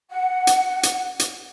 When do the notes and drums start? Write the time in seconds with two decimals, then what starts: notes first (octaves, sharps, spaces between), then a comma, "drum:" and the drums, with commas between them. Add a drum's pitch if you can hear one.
0.11 F#5
0.47 drum: hi-hat
0.83 drum: hi-hat
1.19 drum: hi-hat